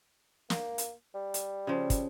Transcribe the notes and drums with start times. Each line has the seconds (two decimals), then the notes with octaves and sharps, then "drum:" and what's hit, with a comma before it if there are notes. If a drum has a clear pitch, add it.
0.50 A#3, drum: snare
0.78 drum: hi-hat
1.15 G3
1.34 drum: hi-hat
1.67 C#3 F3
1.90 drum: kick, hi-hat